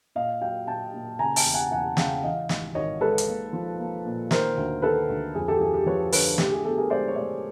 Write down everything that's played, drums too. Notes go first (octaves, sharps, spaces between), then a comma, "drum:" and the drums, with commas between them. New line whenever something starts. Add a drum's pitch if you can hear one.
A#2 D#5 F5
F#3 F5 G5
A#2 G5 A5
A#2
C#3 G#5 A#5
G5 A5, drum: open hi-hat
E2
F#5 G#5
E2 F#5 G#5
C#3 F5 G5, drum: snare
E3 D#5 F5
G#1, drum: snare
G#1 C#5 D#5
G#3 A4 B4
drum: hi-hat
A#3
F3
A#3
A#2
D#3 A#4 C5, drum: snare
D2
D#3 A4 B4
D2
F2 G#4
G4 A4
F3 G#4
G4
F3 B4 C#5
D3 B4 C#5, drum: open hi-hat
A2 G4, drum: snare
G#4
B3 G4 A4
G#4 A#4
G#3 C5 D5
C#5
A2 C5 D5